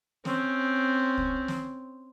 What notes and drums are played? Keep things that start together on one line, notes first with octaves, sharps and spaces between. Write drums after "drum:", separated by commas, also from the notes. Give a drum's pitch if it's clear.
C4 C#4, drum: snare
drum: kick
drum: snare